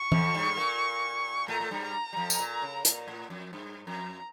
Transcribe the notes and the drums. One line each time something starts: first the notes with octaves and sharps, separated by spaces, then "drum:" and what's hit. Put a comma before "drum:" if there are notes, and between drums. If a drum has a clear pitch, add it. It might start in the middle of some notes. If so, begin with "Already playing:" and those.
Already playing: C#6
F2 F3, drum: tom
G2 G3
A#2 A#3
A2 A3 A#5
A3
G2 G3
A#5
G3
F2 F3
drum: tambourine
A#2
C#3
A#2 A#5, drum: hi-hat
A2
F2
G2
F2 A#5